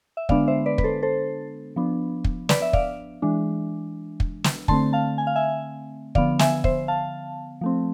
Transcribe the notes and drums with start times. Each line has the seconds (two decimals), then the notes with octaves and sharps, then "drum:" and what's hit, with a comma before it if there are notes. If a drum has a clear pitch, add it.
0.17 E5
0.29 D3 G#3 B3 D4 D5 F5, drum: kick
0.47 C5 E5
0.66 B4 D5
0.78 B4, drum: kick
0.84 A4 C5
1.03 A4 C5
1.76 F3 B3 D4
2.24 drum: kick
2.49 B4 D5, drum: snare
2.62 E5
2.73 D5 F5, drum: kick
3.22 E3 G#3 D4
4.20 drum: kick
4.44 drum: snare
4.68 D3 A3 C4 A5 C6, drum: kick
4.93 F5 A5
5.18 G#5
5.27 F5
5.36 E5 G#5
6.15 D3 F3 B3 D5 F5, drum: kick
6.39 E5 G#5, drum: snare
6.64 C5 E5, drum: kick
6.88 F5 A5
7.61 F3 A3 C4